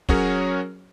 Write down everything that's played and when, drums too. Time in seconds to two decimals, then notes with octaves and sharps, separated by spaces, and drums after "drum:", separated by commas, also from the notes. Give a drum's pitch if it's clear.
0.09 F#3 C#4 F#4 G#4 A#4 C#5, drum: kick